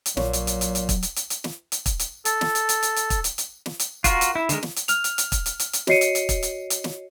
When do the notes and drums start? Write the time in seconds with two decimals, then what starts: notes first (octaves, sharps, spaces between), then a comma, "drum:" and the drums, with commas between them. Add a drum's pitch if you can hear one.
0.06 drum: hi-hat
0.17 A#1 A#2 F#3 C#5, drum: snare
0.33 drum: hi-hat
0.47 drum: hi-hat
0.61 drum: hi-hat
0.75 drum: hi-hat
0.89 drum: kick, hi-hat
1.03 drum: hi-hat
1.16 drum: hi-hat
1.30 drum: hi-hat
1.44 drum: snare
1.72 drum: hi-hat
1.86 drum: kick, hi-hat
1.99 drum: hi-hat
2.25 A4, drum: hi-hat
2.41 drum: snare
2.55 drum: hi-hat
2.69 drum: hi-hat
2.83 drum: hi-hat
2.96 drum: hi-hat
3.10 drum: kick, hi-hat
3.24 drum: hi-hat
3.38 drum: hi-hat
3.66 drum: snare
3.79 drum: hi-hat
4.04 F4 F#4 A#4, drum: kick, hi-hat
4.21 drum: hi-hat
4.35 E4
4.49 D3 D#3 G#3 A#4, drum: hi-hat
4.63 drum: snare
4.76 drum: hi-hat
4.88 F6 F7, drum: hi-hat
5.04 drum: hi-hat
5.18 drum: hi-hat
5.32 drum: kick, hi-hat
5.46 drum: hi-hat
5.59 drum: hi-hat
5.73 drum: hi-hat
5.87 F#4 C#5 D#5 C7 C#7 D#7, drum: snare
6.01 drum: hi-hat
6.15 drum: hi-hat
6.29 drum: kick, hi-hat
6.43 drum: hi-hat
6.70 drum: hi-hat
6.84 drum: snare